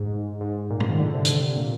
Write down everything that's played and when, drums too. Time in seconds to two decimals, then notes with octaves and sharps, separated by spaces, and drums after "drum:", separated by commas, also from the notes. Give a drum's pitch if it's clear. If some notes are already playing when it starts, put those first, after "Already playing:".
Already playing: G#2
0.41 G#2
0.71 A#2
0.80 G#2, drum: tom
0.90 D#3
0.99 D3
1.14 C3
1.25 drum: hi-hat
1.57 A#2